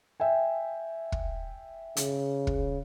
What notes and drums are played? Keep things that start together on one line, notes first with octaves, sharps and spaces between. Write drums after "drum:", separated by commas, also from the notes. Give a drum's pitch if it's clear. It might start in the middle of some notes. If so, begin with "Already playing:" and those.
E5 G5 G#5
drum: kick
C#3, drum: hi-hat
drum: kick